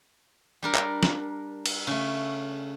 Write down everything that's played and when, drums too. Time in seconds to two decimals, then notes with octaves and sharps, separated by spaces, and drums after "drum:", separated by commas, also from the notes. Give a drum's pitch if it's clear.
0.62 G3 D4 A#4
0.75 drum: clap
1.03 drum: snare
1.66 drum: cymbal
1.87 C#3 A3